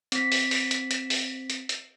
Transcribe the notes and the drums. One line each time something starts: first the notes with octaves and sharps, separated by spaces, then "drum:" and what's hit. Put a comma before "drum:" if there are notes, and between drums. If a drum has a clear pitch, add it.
C4 B6, drum: hi-hat
drum: open hi-hat
drum: open hi-hat
drum: hi-hat
drum: hi-hat
drum: open hi-hat
drum: hi-hat
drum: hi-hat